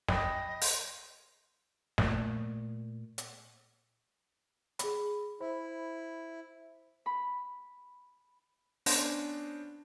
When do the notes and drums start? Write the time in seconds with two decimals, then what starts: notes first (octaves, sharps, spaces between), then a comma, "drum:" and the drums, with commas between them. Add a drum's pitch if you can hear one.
0.09 D#5 G5 B5 D#6, drum: snare
0.61 drum: open hi-hat
1.98 A#2 A3, drum: snare
3.18 drum: hi-hat
4.79 G#4 B5, drum: hi-hat
5.40 E4 C5 B5
7.06 B5
8.86 B3 C#4 D4 C5 A#6 E7, drum: open hi-hat